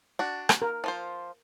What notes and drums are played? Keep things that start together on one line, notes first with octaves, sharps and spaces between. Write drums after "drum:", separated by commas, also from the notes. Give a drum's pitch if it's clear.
D4 F#4
drum: rim click
A#4
F3 F4 C5